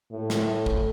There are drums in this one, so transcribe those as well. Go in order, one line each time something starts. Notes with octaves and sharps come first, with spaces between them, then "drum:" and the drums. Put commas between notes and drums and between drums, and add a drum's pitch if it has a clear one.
A2
drum: snare
drum: kick